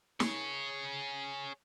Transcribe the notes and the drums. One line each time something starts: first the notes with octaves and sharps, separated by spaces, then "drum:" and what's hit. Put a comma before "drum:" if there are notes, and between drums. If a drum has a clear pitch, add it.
G#4 C#5, drum: snare